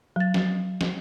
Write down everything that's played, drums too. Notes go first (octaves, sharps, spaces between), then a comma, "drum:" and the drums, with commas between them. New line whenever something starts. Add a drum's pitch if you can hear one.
F#3 A6
drum: snare
drum: snare